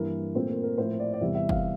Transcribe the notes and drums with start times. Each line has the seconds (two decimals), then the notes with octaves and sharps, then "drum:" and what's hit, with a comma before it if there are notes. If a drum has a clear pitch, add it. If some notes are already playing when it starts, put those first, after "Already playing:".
Already playing: G2 E3 A#3 A#4
0.35 A#2 A3 C4 C5
0.50 A#4
0.63 A#4
0.78 A2 F3 A#3 C5
1.00 D5
1.13 D5
1.21 E2 C3 E3 G3 E5
1.35 E5
1.49 F5, drum: kick